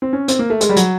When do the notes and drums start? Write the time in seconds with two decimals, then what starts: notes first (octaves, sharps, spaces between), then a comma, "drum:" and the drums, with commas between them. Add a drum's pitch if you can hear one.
0.02 C4
0.13 C#4
0.28 C4, drum: hi-hat
0.39 A#3
0.50 A3
0.61 G#3, drum: hi-hat
0.69 G3
0.76 F#3, drum: hi-hat